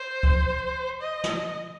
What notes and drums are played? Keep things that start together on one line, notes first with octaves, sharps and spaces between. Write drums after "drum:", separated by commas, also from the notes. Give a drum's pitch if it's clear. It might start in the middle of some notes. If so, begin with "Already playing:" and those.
Already playing: C5
drum: kick C#2
D#5
drum: snare